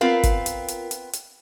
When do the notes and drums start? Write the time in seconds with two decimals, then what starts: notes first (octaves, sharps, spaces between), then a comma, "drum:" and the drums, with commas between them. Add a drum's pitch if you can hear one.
0.01 B3 C4 F4 A#4 F5
0.23 drum: kick G1, hi-hat
0.46 drum: hi-hat
0.68 drum: hi-hat
0.91 drum: hi-hat
1.13 drum: hi-hat